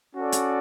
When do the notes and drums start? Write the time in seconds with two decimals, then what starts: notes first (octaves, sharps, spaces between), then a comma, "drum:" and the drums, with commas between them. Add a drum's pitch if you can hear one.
0.16 C#4 F#4 A4 D5
0.32 drum: hi-hat